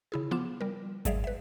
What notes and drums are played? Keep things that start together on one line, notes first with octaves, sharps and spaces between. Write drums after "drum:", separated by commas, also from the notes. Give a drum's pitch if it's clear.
C#3 E4 G#4
F3 B3 F4 D6 E7
G3 A#4
F#3 G#3 G#4 D5 E5 F5, drum: kick G#1, hi-hat
B4 E5